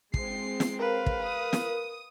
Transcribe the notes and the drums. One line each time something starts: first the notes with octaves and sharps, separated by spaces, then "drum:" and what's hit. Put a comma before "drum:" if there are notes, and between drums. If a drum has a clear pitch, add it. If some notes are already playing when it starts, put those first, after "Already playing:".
G#3 C4 C7, drum: kick
drum: snare
A#4 B4 F5
drum: kick
D#6
drum: snare